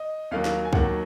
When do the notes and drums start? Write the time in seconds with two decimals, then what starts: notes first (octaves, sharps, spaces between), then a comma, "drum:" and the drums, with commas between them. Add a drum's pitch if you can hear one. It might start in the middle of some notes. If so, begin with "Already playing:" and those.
Already playing: D#5
0.31 D#2 D#3 F#3 F5
0.45 drum: snare
0.65 G#5
0.73 D#2 D#3 F#3 F#5, drum: kick